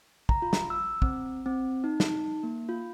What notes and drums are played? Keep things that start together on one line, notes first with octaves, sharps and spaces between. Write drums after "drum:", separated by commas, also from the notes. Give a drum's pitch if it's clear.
A#5, drum: kick
F4
drum: snare
E6
C4, drum: kick
C4
D#4
drum: snare
A#3
F4